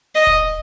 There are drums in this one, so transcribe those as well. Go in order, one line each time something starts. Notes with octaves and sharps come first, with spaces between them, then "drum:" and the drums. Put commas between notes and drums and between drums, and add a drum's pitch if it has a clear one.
D#5
drum: kick D#1